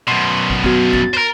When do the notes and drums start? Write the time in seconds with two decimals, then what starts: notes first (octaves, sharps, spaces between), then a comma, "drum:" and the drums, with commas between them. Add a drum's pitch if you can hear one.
0.08 F#2 B2 C6
0.50 drum: kick
0.64 B3 F#4, drum: kick
0.93 A6, drum: kick
1.14 A#4 C5